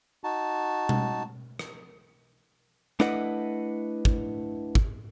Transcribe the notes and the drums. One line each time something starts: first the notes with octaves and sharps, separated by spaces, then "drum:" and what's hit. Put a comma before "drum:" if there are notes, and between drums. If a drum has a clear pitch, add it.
D#4 F#4 A5
drum: tom B2
drum: rim click
A3 D4 E4 B4 D#5 F#5, drum: rim click
drum: kick
drum: kick